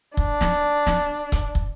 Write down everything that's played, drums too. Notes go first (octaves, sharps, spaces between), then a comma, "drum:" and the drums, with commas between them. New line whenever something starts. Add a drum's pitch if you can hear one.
D4, drum: kick
drum: snare
drum: snare
drum: kick, hi-hat
drum: kick